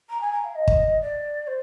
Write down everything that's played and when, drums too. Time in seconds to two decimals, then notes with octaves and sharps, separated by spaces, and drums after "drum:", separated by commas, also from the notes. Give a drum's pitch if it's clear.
0.09 A#5
0.21 G#5
0.32 A#5
0.44 F5
0.55 D#5
0.68 drum: kick
1.01 D5
1.47 C5